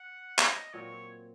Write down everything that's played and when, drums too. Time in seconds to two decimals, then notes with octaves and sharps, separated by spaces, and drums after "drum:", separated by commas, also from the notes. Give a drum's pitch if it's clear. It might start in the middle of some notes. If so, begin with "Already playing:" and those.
Already playing: F#5
0.39 D#5, drum: clap
0.73 A#2 F#3 C4 C#5